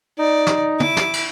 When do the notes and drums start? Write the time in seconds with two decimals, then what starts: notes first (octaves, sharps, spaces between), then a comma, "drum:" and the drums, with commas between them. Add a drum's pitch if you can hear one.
0.19 D#4 D5
0.47 drum: snare
0.80 E4 D6, drum: tom
0.97 drum: snare
1.13 drum: cymbal